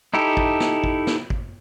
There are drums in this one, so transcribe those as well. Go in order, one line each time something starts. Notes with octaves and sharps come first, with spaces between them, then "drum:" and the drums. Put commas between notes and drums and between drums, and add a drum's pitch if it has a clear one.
D#4 E4 G4 A4
drum: kick
drum: snare
drum: kick
drum: snare
drum: kick